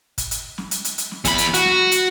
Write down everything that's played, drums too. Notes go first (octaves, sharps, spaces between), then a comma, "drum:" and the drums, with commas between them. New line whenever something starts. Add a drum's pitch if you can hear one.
drum: kick, hi-hat
drum: hi-hat
drum: snare
drum: hi-hat
drum: hi-hat
drum: hi-hat
drum: snare
E2 B5, drum: kick, hi-hat
drum: hi-hat
F#4, drum: hi-hat
drum: snare
drum: hi-hat